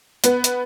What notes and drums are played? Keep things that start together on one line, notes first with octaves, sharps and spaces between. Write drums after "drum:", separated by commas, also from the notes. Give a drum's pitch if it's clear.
B3, drum: hi-hat
drum: hi-hat